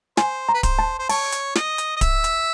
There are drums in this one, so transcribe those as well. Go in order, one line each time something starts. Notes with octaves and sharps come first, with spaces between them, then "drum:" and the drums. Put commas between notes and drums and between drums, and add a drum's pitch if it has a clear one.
C5 G#5, drum: snare
A#5
B4
C5, drum: kick D1, hi-hat
A5
C5
C#5 A5, drum: open hi-hat
drum: hi-hat
D#5, drum: snare
drum: hi-hat
D#5
E5, drum: kick D1, hi-hat
drum: hi-hat